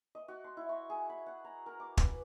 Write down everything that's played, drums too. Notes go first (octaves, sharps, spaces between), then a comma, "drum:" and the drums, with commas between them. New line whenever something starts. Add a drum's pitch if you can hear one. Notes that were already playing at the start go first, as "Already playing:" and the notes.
D#5
F#4
C6
E4
C#6
G#4
B5
F#5
A#5
A#4
D6
B4, drum: kick